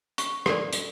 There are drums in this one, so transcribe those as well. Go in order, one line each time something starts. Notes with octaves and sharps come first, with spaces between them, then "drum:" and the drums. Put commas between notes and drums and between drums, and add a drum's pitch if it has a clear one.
C#6, drum: hi-hat
A4 A#4 D5, drum: rim click
drum: hi-hat